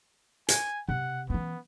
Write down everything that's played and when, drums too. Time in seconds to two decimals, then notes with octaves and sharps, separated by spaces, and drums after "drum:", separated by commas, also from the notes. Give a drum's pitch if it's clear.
0.49 G#5, drum: hi-hat
0.89 C3 F#5
1.30 E3 B3 C#4